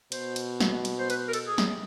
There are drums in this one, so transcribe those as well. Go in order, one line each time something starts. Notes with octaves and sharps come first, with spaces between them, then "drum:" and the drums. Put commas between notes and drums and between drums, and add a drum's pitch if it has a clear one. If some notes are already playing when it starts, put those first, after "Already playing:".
B2 C5, drum: cymbal
drum: cymbal
drum: snare
drum: cymbal
C5
B4, drum: cymbal
A#4
A4, drum: cymbal
G#4
drum: snare